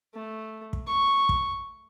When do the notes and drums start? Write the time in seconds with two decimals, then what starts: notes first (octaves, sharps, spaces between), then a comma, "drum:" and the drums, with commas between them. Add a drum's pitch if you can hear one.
0.14 A3
0.73 drum: kick
0.87 C#6
1.29 drum: kick